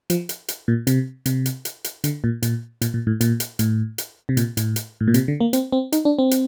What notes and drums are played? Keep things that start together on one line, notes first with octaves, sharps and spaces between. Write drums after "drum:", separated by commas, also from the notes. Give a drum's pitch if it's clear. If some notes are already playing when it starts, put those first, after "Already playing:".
F3, drum: hi-hat
drum: hi-hat
drum: hi-hat
A#2
C3, drum: hi-hat
C3, drum: hi-hat
drum: hi-hat
drum: hi-hat
drum: hi-hat
D3, drum: hi-hat
A#2
A#2, drum: hi-hat
A#2, drum: hi-hat
A#2
A2
A#2, drum: hi-hat
drum: hi-hat
A2, drum: hi-hat
drum: hi-hat
C3
A#2, drum: hi-hat
A2, drum: hi-hat
drum: hi-hat
A2
A#2
C3, drum: hi-hat
D3
A#3
C4, drum: hi-hat
C4
D#4, drum: hi-hat
D4
C4
drum: hi-hat